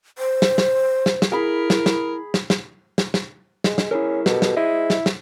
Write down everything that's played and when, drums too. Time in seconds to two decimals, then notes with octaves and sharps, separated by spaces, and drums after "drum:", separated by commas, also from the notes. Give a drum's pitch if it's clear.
0.18 C5
0.42 drum: snare
0.58 drum: snare
1.06 drum: snare
1.22 drum: snare
1.32 E4 G#4 A#4 B5
1.70 drum: snare
1.86 drum: snare
2.34 drum: snare
2.50 drum: snare
2.98 drum: snare
3.14 drum: snare
3.64 G#3, drum: snare
3.78 drum: snare
3.91 C#4 E4 G#4 A#4
4.26 B2 G4 A4 A#4, drum: snare
4.42 drum: snare
4.57 E4 G#4 C5 D#5
4.90 drum: snare
5.06 drum: snare